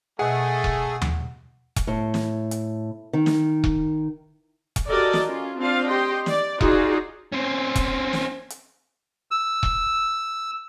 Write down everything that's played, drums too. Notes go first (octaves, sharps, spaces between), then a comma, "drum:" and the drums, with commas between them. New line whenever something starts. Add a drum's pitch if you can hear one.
B2 A3 G#4 D#5 F#5
drum: kick E1
drum: tom D#2
drum: kick E1, hi-hat
A2
drum: snare
drum: hi-hat
D#3
drum: snare
drum: kick E1
drum: kick E1, hi-hat
F#4 G4 A4 A#4 D5 D#5
drum: snare
C#4 F4
C4 D4 F4 F5
G4 D#5 G5 C6
D5, drum: snare
D#4 F4 F#4 G#4 D5, drum: kick E1
C4 C#4
drum: kick E1, hi-hat
drum: snare
drum: hi-hat
E6
drum: kick E1